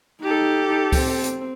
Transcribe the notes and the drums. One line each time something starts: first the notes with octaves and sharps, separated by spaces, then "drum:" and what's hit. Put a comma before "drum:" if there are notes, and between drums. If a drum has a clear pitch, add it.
D#4 G4 A4
C4, drum: kick C#2, open hi-hat
drum: hi-hat